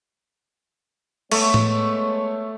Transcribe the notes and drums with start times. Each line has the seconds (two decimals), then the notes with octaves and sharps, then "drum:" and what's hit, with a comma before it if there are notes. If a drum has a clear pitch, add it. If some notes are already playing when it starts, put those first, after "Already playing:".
1.31 G#3 A3 B3 C#5, drum: cymbal
1.54 drum: tom A2